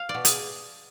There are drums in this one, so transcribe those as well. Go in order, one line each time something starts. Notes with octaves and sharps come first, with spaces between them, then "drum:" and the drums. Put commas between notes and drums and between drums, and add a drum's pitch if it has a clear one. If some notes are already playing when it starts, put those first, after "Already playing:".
Already playing: F5
D5
B2
G#4, drum: hi-hat